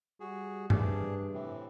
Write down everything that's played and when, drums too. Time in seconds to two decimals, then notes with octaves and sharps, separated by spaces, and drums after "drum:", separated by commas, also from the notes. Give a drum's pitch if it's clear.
0.20 G3 F#4 G#4
0.70 G2 C3 D4 G#4, drum: tom G2
1.34 A2 C3 E3